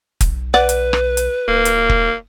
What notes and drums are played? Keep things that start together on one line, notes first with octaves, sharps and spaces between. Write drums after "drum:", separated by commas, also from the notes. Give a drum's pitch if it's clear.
B1, drum: kick, hi-hat
B4 D5 F#5
drum: hi-hat
drum: rim click
drum: hi-hat
D1 A#3
drum: hi-hat
drum: kick